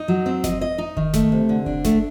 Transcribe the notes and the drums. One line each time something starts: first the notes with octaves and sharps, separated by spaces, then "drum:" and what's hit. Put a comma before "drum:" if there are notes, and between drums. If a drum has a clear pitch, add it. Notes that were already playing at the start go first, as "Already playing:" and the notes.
Already playing: D#4
F#3
C4
D#5, drum: snare G1
D#5
D#4
D#3, drum: kick F1
A3, drum: snare G1
C3
D3
D4, drum: kick F1
A3, drum: snare G1